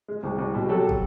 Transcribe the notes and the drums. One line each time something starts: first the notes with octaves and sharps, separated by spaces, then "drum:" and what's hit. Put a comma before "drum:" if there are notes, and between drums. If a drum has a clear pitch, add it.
G#3
C2
C2
B2
F#3 G4 A4
drum: kick